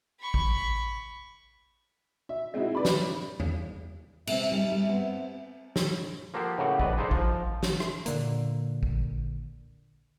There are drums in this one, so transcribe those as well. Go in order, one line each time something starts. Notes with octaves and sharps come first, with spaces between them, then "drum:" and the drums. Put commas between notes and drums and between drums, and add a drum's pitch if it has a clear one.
B5 C#6
drum: kick A1
E5
G#3 C4 D#4 E4 F#4
B4 D5 B5
drum: snare
drum: tom E2
C3 C4 E5, drum: cymbal
G3 D#4
G3
B3 C4
drum: snare
F3 A#3 F#4 G4 A4 C5
A2 C#3 A#3 F#4 G4 F#5
A#1 B4 D5 D#5, drum: kick A1
G#3 D#4 A4 C5 D5
F3, drum: kick A1
drum: snare
drum: rim click
A#2 D3 A#3, drum: hi-hat
drum: kick A1